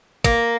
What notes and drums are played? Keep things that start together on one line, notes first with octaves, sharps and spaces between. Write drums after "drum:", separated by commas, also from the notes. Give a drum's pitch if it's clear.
A#3, drum: kick